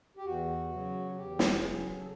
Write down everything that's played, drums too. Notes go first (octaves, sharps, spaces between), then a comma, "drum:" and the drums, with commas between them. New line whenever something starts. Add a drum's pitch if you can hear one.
G4
E2 F#4
C#3 F#3
E2 G4
drum: snare
C#3 F#3 G#4
A4